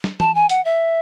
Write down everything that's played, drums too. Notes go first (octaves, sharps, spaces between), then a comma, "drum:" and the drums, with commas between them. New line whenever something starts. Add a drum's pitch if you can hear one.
drum: snare
A5, drum: tom E3
G#5
F#5, drum: hi-hat
E5